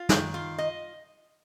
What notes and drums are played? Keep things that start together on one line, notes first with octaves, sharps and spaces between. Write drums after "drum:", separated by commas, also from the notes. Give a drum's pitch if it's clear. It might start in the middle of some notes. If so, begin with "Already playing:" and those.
Already playing: F4
D#3, drum: snare
F4
D#5